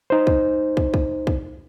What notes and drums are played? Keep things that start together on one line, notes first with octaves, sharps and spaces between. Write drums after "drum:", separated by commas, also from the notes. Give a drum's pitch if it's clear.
D#4 C5
drum: kick
drum: kick
drum: kick
drum: kick